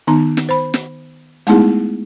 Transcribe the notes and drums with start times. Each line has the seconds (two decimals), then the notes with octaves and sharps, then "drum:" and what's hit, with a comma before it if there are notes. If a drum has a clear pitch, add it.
0.07 D#3 B3 D#4 A#5
0.37 drum: snare
0.49 C5 B5
0.74 drum: snare
1.47 G#3 A3 B3 D#4 E4 G#4, drum: hi-hat